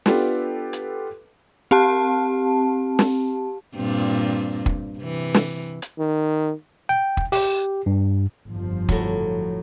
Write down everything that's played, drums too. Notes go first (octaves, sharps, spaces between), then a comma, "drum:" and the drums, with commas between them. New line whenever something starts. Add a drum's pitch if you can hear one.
B3 D4 F4 G4 A4 B4, drum: snare
drum: hi-hat
C4 G4 A5
drum: snare
G2 A#2 C4
drum: kick
C3 E3
drum: snare
drum: hi-hat
D#3
G5
drum: kick
G4, drum: open hi-hat
G2
G1 F2 F3
A2 F#3, drum: kick